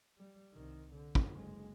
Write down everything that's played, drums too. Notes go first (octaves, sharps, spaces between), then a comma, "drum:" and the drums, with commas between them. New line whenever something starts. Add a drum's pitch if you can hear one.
G3
C2 D#3
D3
drum: kick
F#1 G#3